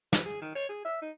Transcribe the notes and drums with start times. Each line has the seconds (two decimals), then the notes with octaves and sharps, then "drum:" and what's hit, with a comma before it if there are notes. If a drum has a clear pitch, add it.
0.13 B4, drum: snare
0.26 G#4
0.41 D#3
0.55 C#5
0.69 G#4
0.85 E5
1.02 D#4